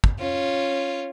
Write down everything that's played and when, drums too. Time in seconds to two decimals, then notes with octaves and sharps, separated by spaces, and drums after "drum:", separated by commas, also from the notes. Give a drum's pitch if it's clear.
0.04 drum: kick
0.19 C#4 F4